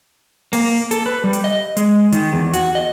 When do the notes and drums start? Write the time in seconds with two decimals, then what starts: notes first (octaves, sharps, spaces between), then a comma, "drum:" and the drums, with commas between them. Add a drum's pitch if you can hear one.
0.53 A#3, drum: open hi-hat
0.91 A4, drum: hi-hat
1.06 B4
1.24 G3
1.33 drum: hi-hat
1.44 D#5
1.77 G#3, drum: hi-hat
2.12 D#3, drum: hi-hat
2.33 E2
2.53 F#4, drum: hi-hat
2.75 D#5